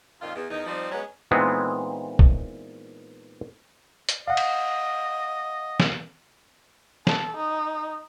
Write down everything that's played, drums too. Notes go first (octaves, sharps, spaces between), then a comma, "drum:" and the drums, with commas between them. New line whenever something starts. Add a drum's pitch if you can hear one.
F2 A#2 D#3 F4
E2
E2 D#3 D#4
F3 G3 C4 D#4 D5
F#3 G#3 B3 C#4
A#2 D#3 E3 G#3 B3 C4
drum: kick
drum: hi-hat
D#5 F5 F#5
drum: cymbal
drum: snare
A4, drum: snare
D#4